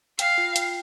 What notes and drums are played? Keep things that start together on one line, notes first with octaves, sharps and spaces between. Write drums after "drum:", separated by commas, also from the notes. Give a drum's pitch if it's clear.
F5 G5, drum: hi-hat
F4
G5, drum: hi-hat